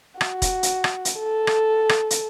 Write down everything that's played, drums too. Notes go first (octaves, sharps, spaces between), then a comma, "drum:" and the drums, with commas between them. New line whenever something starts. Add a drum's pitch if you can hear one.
F#4, drum: rim click
drum: kick E1, hi-hat
drum: hi-hat
drum: rim click
drum: hi-hat
A4
drum: rim click
drum: rim click
drum: hi-hat